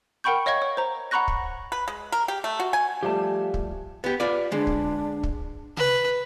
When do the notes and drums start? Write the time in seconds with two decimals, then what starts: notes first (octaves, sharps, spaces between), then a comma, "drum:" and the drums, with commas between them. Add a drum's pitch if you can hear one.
0.24 A#4 F#5 G5 B5 C#6 G6
0.46 C#5 D#5 F5 C#6 G#6
0.62 C#5
0.77 C5 A#5
1.11 F#5 A#5 B5 C#6 F#6 A#6
1.28 drum: kick
1.72 B4
1.88 G#3
2.12 A#4
2.28 G4
2.44 A3
2.60 F#4
2.73 G#5
3.03 F3 G3 A3 G4 F5 A5
3.54 drum: kick
4.04 B3 G4
4.20 F4 B4 D5
4.52 D3 G#3 D4
4.67 drum: kick
5.23 drum: kick
5.77 B4, drum: tom C3